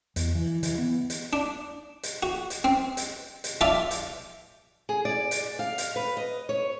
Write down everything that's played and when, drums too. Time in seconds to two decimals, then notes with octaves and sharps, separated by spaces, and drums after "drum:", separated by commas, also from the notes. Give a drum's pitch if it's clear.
0.16 E2, drum: hi-hat
0.35 E3
0.63 E3, drum: hi-hat
0.78 B3
1.10 drum: hi-hat
1.33 D4
2.03 drum: hi-hat
2.23 F#4
2.50 drum: hi-hat
2.64 C4
2.97 drum: hi-hat
3.44 drum: hi-hat
3.61 F4 D5 E5 A5
3.91 drum: hi-hat
4.89 G#4
5.05 D5
5.31 drum: hi-hat
5.59 F5
5.78 drum: hi-hat
5.96 B4
6.17 D#5
6.49 C#5